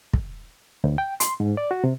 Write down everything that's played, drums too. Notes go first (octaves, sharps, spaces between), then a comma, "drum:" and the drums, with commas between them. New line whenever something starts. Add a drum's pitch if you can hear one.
drum: kick
D2
G5
C6, drum: hi-hat
G#2
D5
F#4
C3